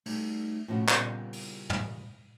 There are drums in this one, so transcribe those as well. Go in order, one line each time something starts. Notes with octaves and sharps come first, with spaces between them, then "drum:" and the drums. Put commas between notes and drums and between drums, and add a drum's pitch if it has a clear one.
D2 G3 A3 D#4, drum: open hi-hat
A2 C3 F3 C#4 F#4 F#5
A#2 C#3 G3 B3 C4, drum: clap
drum: open hi-hat
drum: tom